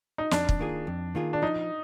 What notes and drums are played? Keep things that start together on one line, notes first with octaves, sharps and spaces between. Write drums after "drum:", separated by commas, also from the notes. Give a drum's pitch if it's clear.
D#4
F2 D4, drum: snare
drum: kick
D#3 A#3 F4 G#4
F2
D#3 A#3 F4 G#4
D4
F3 D#4